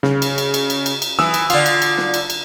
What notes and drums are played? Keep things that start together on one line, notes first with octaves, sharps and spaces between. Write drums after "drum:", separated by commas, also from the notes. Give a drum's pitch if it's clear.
C#3, drum: snare
drum: cymbal
drum: cymbal
drum: cymbal
drum: cymbal
drum: cymbal
drum: cymbal
E3 D#6 E6, drum: snare
drum: cymbal
D3 F4, drum: cymbal
drum: cymbal
drum: cymbal
drum: snare
drum: cymbal
drum: cymbal